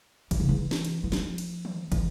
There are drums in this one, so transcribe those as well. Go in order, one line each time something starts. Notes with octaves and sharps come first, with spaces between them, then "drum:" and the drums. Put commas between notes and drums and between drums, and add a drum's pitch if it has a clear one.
E3, drum: kick, cymbal
C#3
E3
drum: snare
drum: cymbal
E3
F3, drum: snare
drum: cymbal
drum: tom D#3
E3, drum: kick, cymbal